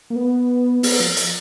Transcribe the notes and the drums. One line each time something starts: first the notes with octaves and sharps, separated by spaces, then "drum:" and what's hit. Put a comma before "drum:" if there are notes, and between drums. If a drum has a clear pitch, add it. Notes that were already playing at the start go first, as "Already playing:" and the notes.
A#3
B3
B3, drum: open hi-hat
F3
drum: hi-hat